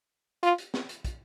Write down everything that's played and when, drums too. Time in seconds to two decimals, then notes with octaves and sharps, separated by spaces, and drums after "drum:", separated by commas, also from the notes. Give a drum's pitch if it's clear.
0.43 F4, drum: hi-hat
0.58 drum: hi-hat
0.74 drum: snare
0.89 drum: hi-hat
1.05 drum: kick, hi-hat